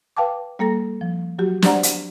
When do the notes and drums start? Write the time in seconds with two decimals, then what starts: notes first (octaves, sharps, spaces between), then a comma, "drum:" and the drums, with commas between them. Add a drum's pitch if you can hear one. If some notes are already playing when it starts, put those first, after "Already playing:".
0.17 B4 F5 G5 A5 D6
0.59 G3 A#3 A4 A#6
1.01 F3
1.39 F#3 F#4 G4
1.62 D4 G4 C5 D5 F#5 A#5, drum: snare
1.83 drum: hi-hat